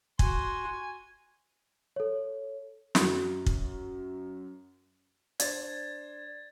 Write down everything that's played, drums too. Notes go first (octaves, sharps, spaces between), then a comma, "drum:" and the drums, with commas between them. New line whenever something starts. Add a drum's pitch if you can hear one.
F#4 G#5 C6, drum: kick
A4 C#5
F#2 F#4, drum: snare
drum: kick
D4 C5 G#6 A6, drum: hi-hat